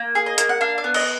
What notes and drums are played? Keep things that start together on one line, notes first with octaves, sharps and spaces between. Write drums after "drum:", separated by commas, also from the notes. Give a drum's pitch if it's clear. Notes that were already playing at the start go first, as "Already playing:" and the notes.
Already playing: A#3
G#4
D#5
A#3, drum: hi-hat
F#5
D4 F5
F5
B3
D#5, drum: cymbal